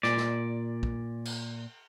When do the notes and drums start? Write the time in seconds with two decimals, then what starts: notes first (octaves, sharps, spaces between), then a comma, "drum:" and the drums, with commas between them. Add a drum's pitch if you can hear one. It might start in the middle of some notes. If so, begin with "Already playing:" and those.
0.03 A#2 D5, drum: snare
0.17 drum: snare
0.83 drum: kick
1.25 drum: cymbal